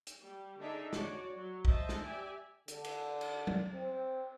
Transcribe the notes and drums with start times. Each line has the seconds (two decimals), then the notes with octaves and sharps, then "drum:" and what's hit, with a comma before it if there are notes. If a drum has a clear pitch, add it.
0.07 drum: hi-hat
0.21 G3
0.59 D3 D4 D#4 G#4 E5
0.93 F#4 C#5 D5, drum: snare
1.36 F#3
1.65 C5 D#5 E5 A5, drum: kick
1.89 drum: snare
2.01 G4 D5 E5 G#5
2.68 D3, drum: hi-hat
2.84 drum: cymbal
3.21 drum: cymbal
3.47 drum: tom F#3
3.73 C4